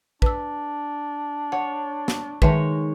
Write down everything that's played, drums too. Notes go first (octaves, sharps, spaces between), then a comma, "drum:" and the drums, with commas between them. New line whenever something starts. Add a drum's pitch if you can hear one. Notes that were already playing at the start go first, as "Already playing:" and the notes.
D4 B4 E6, drum: kick
C#5 F#5
drum: snare
D#3 G#3 B4 C#5 E5 A5, drum: kick